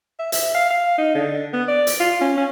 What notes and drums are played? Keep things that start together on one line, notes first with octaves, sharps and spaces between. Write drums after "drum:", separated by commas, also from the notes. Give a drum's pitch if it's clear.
E5
E5, drum: hi-hat
F5
F5
D#4
D3
B3
D5
drum: hi-hat
F4
C#4
C#4